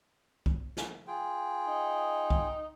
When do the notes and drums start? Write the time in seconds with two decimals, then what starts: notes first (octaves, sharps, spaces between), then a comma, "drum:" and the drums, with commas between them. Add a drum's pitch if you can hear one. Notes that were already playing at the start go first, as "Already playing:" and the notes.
0.46 drum: kick
0.77 drum: snare
1.07 F4 G#4 G5
1.67 D#4
2.30 drum: kick